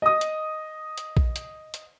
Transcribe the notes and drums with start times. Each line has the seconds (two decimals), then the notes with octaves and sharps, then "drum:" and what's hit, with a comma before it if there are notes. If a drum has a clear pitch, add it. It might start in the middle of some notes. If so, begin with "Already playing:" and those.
0.02 D#5 D#6
0.21 drum: hi-hat
0.98 drum: hi-hat
1.17 drum: kick A#1
1.36 drum: hi-hat
1.74 drum: hi-hat